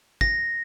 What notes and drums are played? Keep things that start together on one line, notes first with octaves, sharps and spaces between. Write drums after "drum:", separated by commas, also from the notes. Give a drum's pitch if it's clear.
A#6, drum: kick